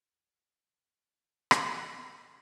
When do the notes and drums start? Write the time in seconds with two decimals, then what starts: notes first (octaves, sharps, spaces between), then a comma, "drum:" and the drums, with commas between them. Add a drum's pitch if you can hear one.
0.12 E2 D4
1.51 drum: rim click